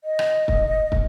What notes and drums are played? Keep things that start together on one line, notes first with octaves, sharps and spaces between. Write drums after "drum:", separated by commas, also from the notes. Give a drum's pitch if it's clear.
D#5
drum: rim click
drum: kick
drum: kick